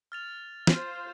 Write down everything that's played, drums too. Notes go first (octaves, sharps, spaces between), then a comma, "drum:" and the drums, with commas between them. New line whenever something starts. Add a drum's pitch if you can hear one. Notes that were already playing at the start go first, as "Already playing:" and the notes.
F6 A6 F7
F4 C5, drum: snare